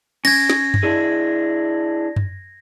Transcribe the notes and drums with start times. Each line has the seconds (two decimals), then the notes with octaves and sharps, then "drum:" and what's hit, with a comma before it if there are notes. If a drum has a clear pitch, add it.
0.25 C#4 G#6 A#6, drum: cymbal
0.50 drum: snare
0.74 drum: tom F#2
0.83 D4 E4 G#4
2.16 drum: tom F#2